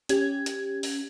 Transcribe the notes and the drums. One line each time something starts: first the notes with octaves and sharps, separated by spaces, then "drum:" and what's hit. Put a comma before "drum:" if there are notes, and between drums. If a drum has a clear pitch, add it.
C#4 G4 G#6, drum: hi-hat
drum: hi-hat
drum: open hi-hat